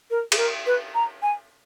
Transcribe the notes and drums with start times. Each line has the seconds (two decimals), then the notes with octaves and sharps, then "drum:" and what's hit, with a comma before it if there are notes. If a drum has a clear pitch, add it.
0.11 A#4
0.32 G#4, drum: cymbal
0.38 A#4
0.66 B4
0.95 A#5
1.22 G#5